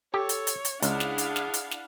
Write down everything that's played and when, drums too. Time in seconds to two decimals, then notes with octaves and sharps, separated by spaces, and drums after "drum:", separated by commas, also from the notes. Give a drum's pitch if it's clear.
0.14 G4 A4 C#5
0.29 drum: hi-hat
0.47 drum: hi-hat
0.65 drum: hi-hat
0.82 C#2 D4 E4 G#4 F5 F#5, drum: hi-hat
1.00 drum: snare
1.18 drum: hi-hat
1.36 drum: snare
1.54 drum: hi-hat
1.71 drum: snare